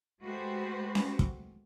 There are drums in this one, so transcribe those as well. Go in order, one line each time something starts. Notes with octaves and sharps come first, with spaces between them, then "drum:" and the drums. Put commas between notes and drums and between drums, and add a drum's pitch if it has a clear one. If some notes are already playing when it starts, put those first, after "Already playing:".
G#3 A3 F#4 G4 B4 C5
drum: snare C#4
drum: kick